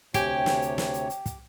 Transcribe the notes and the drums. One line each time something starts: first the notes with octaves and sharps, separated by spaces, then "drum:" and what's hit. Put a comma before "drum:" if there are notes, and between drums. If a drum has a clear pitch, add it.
D2 C3 G4 C#5 G5 G#5, drum: kick, hi-hat
drum: snare
drum: hi-hat
drum: snare
drum: hi-hat
drum: hi-hat
drum: kick, hi-hat